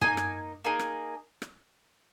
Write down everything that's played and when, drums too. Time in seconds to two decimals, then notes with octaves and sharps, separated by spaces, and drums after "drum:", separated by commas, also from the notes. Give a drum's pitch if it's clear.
0.01 A#3 D#4 G#4 G#5, drum: tom
0.17 drum: rim click
0.64 A#3 D#4 G#4
0.79 drum: rim click
1.42 drum: rim click